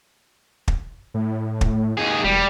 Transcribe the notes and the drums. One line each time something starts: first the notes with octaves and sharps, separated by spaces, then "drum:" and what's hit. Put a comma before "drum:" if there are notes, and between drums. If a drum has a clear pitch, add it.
drum: kick
A2
drum: kick
D#2 G#4
E1 G3